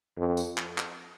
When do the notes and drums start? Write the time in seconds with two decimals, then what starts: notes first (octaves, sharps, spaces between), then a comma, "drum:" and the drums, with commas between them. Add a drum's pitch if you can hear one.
0.17 F2
0.37 drum: tambourine
0.57 drum: clap
0.78 drum: clap